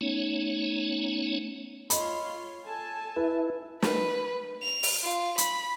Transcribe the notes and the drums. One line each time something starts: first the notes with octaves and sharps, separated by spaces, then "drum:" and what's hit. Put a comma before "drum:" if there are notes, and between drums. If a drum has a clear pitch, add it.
A3 B3 C#4 D#4 C#5
F4 C#5 D#5 B5 C6, drum: hi-hat
A4 G#5 A5
E4 B4
B4, drum: snare
F7
drum: open hi-hat
F4
B5, drum: hi-hat